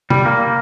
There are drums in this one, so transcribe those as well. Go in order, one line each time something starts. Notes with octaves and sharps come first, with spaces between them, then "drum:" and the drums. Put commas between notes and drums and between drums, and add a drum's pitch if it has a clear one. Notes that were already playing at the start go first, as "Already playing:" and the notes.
G3, drum: tom C3
A#3